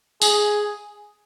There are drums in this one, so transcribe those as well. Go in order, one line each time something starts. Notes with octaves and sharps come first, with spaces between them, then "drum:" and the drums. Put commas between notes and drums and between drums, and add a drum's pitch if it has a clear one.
G#4, drum: tambourine